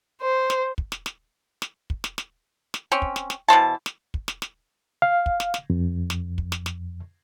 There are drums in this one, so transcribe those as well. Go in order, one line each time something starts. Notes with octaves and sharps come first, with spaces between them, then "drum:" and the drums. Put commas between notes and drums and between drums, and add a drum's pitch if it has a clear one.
C5
drum: snare
drum: kick
drum: snare
drum: snare
drum: snare
drum: kick
drum: snare
drum: snare
drum: snare
C4 C#4
drum: kick
drum: snare
drum: snare
B2 E3 C5 A5
drum: snare
drum: kick
drum: snare
drum: snare
F5
drum: kick
drum: snare
drum: snare
F2
drum: snare
drum: kick
drum: snare
drum: snare